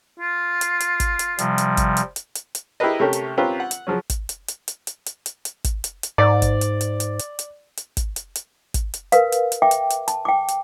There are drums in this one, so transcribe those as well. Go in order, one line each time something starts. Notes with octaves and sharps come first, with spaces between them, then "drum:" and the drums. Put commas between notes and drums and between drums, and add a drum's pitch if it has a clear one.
F4
drum: hi-hat
drum: hi-hat
drum: kick, hi-hat
drum: hi-hat
C3 F3 G3, drum: hi-hat
drum: hi-hat
drum: kick, hi-hat
drum: hi-hat
drum: hi-hat
drum: hi-hat
drum: hi-hat
E4 G4 G#4 A#4 B4 D#5
C3 A3 C#4 G4 A#4
drum: hi-hat
C4 C#4 F4 G4 A#4 B4
F#5
drum: hi-hat
C#3 F3 F#3 C#4
drum: kick, hi-hat
drum: hi-hat
drum: hi-hat
drum: hi-hat
drum: hi-hat
drum: hi-hat
drum: hi-hat
drum: hi-hat
drum: kick, hi-hat
drum: hi-hat
drum: hi-hat
G#2 D5
drum: kick, hi-hat
drum: hi-hat
drum: hi-hat
drum: hi-hat
drum: hi-hat
drum: hi-hat
drum: hi-hat
drum: kick, hi-hat
drum: hi-hat
drum: hi-hat
drum: kick, hi-hat
drum: hi-hat
A#4 B4 F5, drum: hi-hat
drum: hi-hat
drum: hi-hat
E5 G5 D6
drum: hi-hat
drum: hi-hat
A5, drum: hi-hat
G5 D6
drum: hi-hat